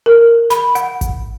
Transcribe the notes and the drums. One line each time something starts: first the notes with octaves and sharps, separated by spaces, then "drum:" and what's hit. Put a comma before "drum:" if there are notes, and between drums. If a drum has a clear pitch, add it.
A#4
B5, drum: snare
F#5, drum: hi-hat
drum: kick G#1, hi-hat